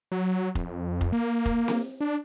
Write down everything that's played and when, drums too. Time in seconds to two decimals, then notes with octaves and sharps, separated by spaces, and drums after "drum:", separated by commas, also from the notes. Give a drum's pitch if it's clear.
0.12 F#3
0.55 F2, drum: kick F1
1.01 drum: kick F1
1.13 A#3
1.46 drum: kick F1
1.68 drum: snare C4
2.00 D4